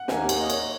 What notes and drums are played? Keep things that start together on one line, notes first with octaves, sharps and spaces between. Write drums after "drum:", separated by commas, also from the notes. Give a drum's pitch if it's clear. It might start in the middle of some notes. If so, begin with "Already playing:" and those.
Already playing: F#5
D#2 D#3 A#3 G#5, drum: snare
drum: cymbal
D#5
C#5, drum: cymbal